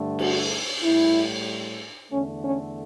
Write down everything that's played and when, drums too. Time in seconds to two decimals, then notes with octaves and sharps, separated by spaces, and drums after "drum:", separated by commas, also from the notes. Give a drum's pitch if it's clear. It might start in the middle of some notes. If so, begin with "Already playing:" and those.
Already playing: G2 D3 A3
0.19 F#4, drum: cymbal
0.82 A2 G3 E4
2.11 E2 D3 A3 C#4
2.43 C#4